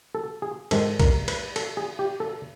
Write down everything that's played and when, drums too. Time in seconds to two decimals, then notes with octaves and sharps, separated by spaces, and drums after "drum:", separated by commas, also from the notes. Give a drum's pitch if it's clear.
0.15 A4
0.42 G#4
0.71 G#2 D#3 G#3 A4, drum: cymbal
0.99 A#4, drum: kick B1, cymbal
1.28 B4, drum: cymbal
1.56 A4, drum: cymbal
1.77 G#4
1.99 G4
2.20 A4